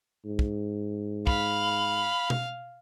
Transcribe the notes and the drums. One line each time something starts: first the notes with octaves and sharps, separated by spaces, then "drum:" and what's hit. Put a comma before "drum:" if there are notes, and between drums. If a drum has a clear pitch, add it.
G#2
drum: kick
F5 B5, drum: kick
drum: tom B2